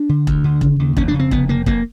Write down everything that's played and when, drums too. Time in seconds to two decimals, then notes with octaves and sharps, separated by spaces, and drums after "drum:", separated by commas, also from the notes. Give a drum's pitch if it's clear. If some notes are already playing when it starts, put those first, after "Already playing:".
Already playing: D4
0.09 D3
0.27 D2, drum: kick E1
0.44 D3
0.61 C#3, drum: kick E1
0.79 D#2
0.97 F1 C#4, drum: kick E1
1.08 D4
1.14 C#3
1.20 C4
1.31 F1 B3, drum: kick E1
1.49 F1 A#3
1.66 F1 A#3, drum: kick E1